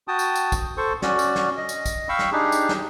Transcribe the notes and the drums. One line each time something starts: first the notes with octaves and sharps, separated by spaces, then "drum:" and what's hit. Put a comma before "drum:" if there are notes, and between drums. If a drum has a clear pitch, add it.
F#4 G5 A5 D#6
drum: tambourine
drum: tambourine
drum: kick, tambourine
A4 C5 C#6
C#4 F#4 D5, drum: snare
drum: tambourine
drum: snare
D#5
drum: tambourine
drum: kick, tambourine
F5 G5 B5 C#6 E6
drum: snare
D4 D#4 G4 G#4
drum: tambourine
drum: snare